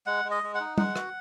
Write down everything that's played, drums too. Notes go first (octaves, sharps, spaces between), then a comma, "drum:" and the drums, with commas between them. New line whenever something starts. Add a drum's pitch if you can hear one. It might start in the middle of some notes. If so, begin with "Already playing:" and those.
G#3 F#5
G#3
D#5
G#3
F#5
D#4
G#3 F#5, drum: tom G3
F#4, drum: rim click